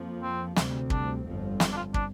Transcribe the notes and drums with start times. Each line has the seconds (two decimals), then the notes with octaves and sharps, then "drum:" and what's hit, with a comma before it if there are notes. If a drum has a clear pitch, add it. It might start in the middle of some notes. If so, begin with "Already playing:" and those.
Already playing: F2 F3 A#3
0.22 C4
0.56 D2 C3 G3 C4, drum: snare
0.90 D4, drum: kick
1.25 G1 F2 F3 C4
1.60 F4, drum: snare
1.72 D4
1.77 F4
1.94 D4, drum: kick